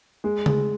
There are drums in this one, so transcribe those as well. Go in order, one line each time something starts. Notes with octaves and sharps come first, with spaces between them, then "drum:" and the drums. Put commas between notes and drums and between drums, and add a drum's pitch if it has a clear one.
G#3
G#3, drum: tom C#3